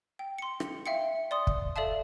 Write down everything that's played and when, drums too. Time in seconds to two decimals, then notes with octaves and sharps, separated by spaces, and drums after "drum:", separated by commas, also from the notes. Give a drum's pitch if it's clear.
0.19 G5
0.38 C6 C#7
0.60 drum: rim click
0.86 E5 F5 G5 C#7
1.31 D5 C6 D#6
1.47 drum: kick
1.76 A4 D5 E5 F5 A5